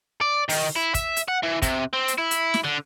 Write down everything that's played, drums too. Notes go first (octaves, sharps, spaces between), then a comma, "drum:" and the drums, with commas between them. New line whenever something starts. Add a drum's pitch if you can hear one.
D5
D#3, drum: open hi-hat
E4
E5, drum: kick, hi-hat
drum: hi-hat
F#5
E3
C3, drum: kick, hi-hat
C4
drum: hi-hat
E4
drum: hi-hat
drum: snare
D3